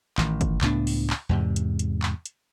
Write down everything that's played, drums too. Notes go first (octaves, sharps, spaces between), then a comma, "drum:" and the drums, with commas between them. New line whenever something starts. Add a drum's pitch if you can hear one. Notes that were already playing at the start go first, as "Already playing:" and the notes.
A1 D#3, drum: clap
drum: kick, hi-hat
C#2 A2 B3 D4, drum: clap
drum: open hi-hat
drum: clap
E2 G#2 C3
drum: hi-hat
drum: hi-hat
drum: clap
drum: hi-hat